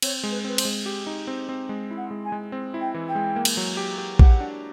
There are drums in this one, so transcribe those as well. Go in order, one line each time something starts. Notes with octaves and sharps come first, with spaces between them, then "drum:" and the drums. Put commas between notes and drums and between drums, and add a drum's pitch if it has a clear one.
C4 C#5, drum: cymbal
G#3
B4
C4 B4
C5, drum: cymbal
G#3
G4
D#4
C4
C4
G#3
E4
F#5
G#3
G#5
G#3
C4
E4
G5
E3
G5
G#3
A#3
drum: cymbal
F#3
G4
G4
G4 F#5, drum: kick
D4